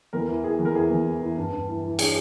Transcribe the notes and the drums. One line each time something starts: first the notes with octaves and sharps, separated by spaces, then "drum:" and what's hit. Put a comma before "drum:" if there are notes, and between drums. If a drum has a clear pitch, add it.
E2 A#4
E3
E3 G#4
E2
A#4
E3 G#4
E2
E3
E3
G2
G2
E3
E3
G#4, drum: cymbal